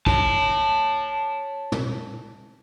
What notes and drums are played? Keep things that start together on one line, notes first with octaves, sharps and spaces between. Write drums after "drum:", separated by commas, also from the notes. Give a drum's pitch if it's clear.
C#5 A5, drum: kick
drum: tom